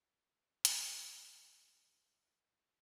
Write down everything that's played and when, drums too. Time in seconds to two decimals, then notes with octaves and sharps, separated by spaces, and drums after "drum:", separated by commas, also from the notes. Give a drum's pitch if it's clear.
0.31 A#1 D#3 A#5
0.65 D#2 G#4 A5, drum: hi-hat
1.33 E5
1.69 C#2 C#3 D5
2.26 F#2 G#3 F5